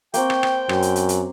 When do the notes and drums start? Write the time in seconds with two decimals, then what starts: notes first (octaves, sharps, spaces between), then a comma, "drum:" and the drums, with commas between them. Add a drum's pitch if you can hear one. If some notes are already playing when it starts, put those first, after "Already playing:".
0.14 A#3 C4 G5 C#6, drum: hi-hat
0.30 drum: rim click
0.43 drum: rim click
0.69 F#2, drum: rim click
0.82 drum: hi-hat
0.96 drum: hi-hat
1.09 drum: hi-hat